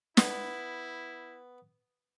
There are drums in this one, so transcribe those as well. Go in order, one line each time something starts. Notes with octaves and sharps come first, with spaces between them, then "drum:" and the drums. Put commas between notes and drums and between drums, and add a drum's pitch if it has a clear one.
B3 E4, drum: snare